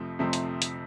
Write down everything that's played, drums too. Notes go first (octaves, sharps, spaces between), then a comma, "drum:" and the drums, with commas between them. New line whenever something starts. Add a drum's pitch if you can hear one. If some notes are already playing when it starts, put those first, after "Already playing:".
Already playing: F2 C3 F3 A3 C4
F2 C3 F3 A3 C4
drum: hi-hat
drum: hi-hat